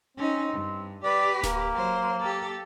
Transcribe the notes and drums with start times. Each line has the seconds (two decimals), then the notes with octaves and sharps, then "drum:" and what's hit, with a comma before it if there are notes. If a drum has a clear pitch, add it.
0.17 C4 C#4 D#4
0.53 G2
1.04 G4 B4 D5
1.43 A#3, drum: snare D1
1.74 F#3 C5
2.20 G4 A4